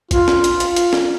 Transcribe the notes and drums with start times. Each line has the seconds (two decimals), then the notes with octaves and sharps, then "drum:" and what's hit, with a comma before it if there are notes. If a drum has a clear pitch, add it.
0.11 F4, drum: kick, hi-hat
0.28 drum: snare
0.44 drum: hi-hat
0.60 drum: hi-hat
0.76 drum: hi-hat
0.93 drum: snare